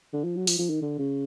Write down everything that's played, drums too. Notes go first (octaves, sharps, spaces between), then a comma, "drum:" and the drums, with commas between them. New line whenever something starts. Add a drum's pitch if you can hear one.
D3
F3
F#3
F3, drum: open hi-hat
F3
D#3
D3
C#3